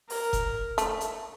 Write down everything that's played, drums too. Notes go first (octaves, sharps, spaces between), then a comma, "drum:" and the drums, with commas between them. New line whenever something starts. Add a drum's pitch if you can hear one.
A#4, drum: open hi-hat
drum: kick F1, hi-hat
A3, drum: hi-hat
drum: hi-hat